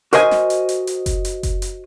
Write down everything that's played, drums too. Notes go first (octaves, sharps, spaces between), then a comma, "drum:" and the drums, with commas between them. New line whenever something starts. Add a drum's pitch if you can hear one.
F#4 A#4 C5 D#5 G#5, drum: hi-hat
drum: snare
drum: hi-hat
drum: hi-hat
drum: hi-hat
drum: kick F#1, hi-hat
drum: hi-hat
drum: kick F#1, hi-hat
drum: hi-hat